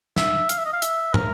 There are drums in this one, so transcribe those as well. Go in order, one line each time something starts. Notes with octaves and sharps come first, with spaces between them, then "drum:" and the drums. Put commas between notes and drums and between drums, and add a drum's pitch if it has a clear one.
E5, drum: snare
F5, drum: hi-hat
E5
D#5
F5
E5, drum: hi-hat
A#4, drum: tom